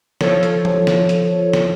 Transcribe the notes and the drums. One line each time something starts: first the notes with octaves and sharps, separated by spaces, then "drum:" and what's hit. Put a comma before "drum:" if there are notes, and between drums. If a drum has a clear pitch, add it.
F3 A4 C#5, drum: snare
drum: hi-hat
drum: tom
drum: snare
drum: hi-hat
drum: snare